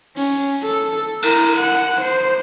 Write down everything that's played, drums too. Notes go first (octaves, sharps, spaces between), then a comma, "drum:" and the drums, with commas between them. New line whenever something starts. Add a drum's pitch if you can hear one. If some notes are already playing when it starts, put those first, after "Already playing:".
C#4, drum: open hi-hat
A4
E4 A#4, drum: cymbal
F#5
C5